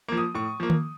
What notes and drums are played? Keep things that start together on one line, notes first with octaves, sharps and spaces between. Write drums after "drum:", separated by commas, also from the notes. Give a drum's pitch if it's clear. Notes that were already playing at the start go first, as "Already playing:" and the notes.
F3 A#3
D#6
A2 C#6
F3 A#3
drum: tom D#3